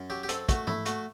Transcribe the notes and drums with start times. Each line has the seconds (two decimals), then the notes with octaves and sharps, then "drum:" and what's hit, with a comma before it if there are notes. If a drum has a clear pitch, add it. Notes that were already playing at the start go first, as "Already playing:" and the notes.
Already playing: F#2
0.10 F#3 G4
0.23 G4
0.29 C4 A4, drum: hi-hat
0.49 A3 F#4, drum: kick, hi-hat
0.67 A3 E4, drum: tom G#2
0.86 A3 F#4, drum: hi-hat